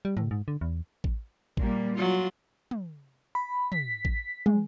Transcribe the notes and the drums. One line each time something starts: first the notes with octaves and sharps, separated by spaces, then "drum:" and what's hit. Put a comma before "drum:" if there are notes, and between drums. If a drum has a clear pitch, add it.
G3
A2, drum: tom
G#2
D3
E2
drum: kick A1
A#2 G3 A#3, drum: kick A1
F#3 F4
drum: tom
B5
B6, drum: tom
drum: kick A1
G#3, drum: tom